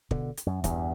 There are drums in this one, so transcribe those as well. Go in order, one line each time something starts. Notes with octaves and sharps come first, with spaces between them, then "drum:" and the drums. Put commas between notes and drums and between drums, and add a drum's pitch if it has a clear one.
B2 D3, drum: kick
drum: hi-hat
F#2
E2 G2, drum: kick, hi-hat